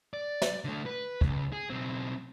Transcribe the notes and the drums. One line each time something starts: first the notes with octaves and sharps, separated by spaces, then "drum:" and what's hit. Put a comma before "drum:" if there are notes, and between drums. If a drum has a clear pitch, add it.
D5
drum: snare
D3 A3
B4
C#2, drum: kick
G#4
B1 C4